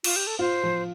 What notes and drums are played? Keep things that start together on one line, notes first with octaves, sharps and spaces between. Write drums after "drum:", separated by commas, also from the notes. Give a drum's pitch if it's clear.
F4, drum: cymbal
G4
A4
F4 C5
F3